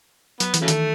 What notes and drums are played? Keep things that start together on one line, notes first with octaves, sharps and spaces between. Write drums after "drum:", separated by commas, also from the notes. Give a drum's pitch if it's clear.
F#3 B3, drum: hi-hat
E3, drum: hi-hat
C#3 F#3 A3
D#3, drum: hi-hat